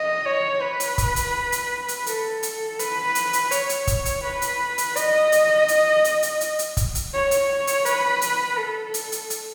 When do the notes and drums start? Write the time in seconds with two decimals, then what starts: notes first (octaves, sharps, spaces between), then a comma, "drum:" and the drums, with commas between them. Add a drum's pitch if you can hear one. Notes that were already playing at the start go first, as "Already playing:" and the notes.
Already playing: D#5
0.26 C#5
0.62 B4
0.80 drum: hi-hat
0.98 drum: kick, hi-hat
1.16 drum: hi-hat
1.52 drum: hi-hat
1.88 drum: hi-hat
2.06 A4, drum: hi-hat
2.43 drum: hi-hat
2.79 B4, drum: hi-hat
3.15 drum: hi-hat
3.33 drum: hi-hat
3.51 C#5, drum: hi-hat
3.69 drum: hi-hat
3.87 drum: kick, hi-hat
4.05 drum: hi-hat
4.24 B4
4.42 drum: hi-hat
4.78 drum: hi-hat
4.96 D#5, drum: hi-hat
5.32 drum: hi-hat
5.68 drum: hi-hat
6.04 drum: hi-hat
6.23 drum: hi-hat
6.41 drum: hi-hat
6.59 drum: hi-hat
6.77 drum: kick, hi-hat
6.95 drum: hi-hat
7.13 C#5
7.31 drum: hi-hat
7.67 drum: hi-hat
7.85 B4, drum: hi-hat
8.22 drum: hi-hat
8.58 A4
8.94 drum: hi-hat
9.12 drum: hi-hat
9.30 drum: hi-hat